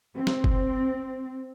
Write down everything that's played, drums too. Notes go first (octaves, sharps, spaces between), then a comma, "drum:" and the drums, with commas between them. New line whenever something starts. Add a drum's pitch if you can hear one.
C4
drum: snare
drum: kick F#1